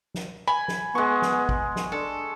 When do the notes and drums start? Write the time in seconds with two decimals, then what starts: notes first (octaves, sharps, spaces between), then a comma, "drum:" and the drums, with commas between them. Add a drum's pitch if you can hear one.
0.14 drum: snare
0.48 G#5 B5
0.68 drum: snare
0.95 G#3 B3 C#6
1.22 drum: snare
1.49 drum: kick
1.76 drum: snare
1.92 D4 A4